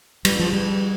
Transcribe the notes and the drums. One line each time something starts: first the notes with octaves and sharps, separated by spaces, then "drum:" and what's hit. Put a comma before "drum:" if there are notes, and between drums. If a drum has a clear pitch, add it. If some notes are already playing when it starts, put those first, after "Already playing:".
G3, drum: cymbal
F3
G3